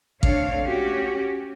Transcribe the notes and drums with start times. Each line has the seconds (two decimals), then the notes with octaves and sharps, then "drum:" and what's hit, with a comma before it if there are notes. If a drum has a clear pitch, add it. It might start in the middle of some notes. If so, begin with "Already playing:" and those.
0.23 A3 C4 D4 C#5 F5, drum: kick A1
0.65 C#4 F#4 G4